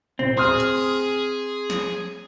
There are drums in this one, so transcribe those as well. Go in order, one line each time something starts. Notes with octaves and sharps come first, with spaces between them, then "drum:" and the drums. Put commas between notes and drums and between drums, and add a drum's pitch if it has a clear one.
C4, drum: tom A2
G#4 C6 D#6 F6
drum: hi-hat
drum: cymbal
drum: snare